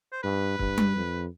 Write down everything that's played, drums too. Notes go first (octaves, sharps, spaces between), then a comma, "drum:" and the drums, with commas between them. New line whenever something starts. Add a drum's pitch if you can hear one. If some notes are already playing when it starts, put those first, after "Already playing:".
C5
G2 B4
G2, drum: kick
drum: tom G3
F2